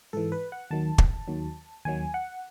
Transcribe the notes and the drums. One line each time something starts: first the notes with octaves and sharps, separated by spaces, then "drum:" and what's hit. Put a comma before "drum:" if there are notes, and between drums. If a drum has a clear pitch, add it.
G#2 E3 A4
B4
F#5
D#2 D#3 F#3 A5
drum: kick
D#2 D#3 F#3
D#2 D#3 F#3 G#5
F#5